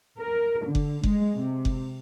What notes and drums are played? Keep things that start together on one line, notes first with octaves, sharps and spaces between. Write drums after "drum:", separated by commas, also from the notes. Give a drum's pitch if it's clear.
A#4
D3
drum: kick F#1
G#3, drum: kick F#1
C3
drum: kick F#1